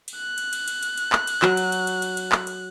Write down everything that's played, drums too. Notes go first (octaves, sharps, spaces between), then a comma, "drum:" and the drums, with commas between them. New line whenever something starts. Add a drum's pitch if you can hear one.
drum: cymbal
F#6
drum: cymbal
drum: cymbal
drum: cymbal
drum: cymbal
drum: cymbal
drum: clap
drum: cymbal
F#3, drum: clap
drum: cymbal
drum: cymbal
drum: cymbal
drum: cymbal
drum: cymbal
drum: clap
drum: cymbal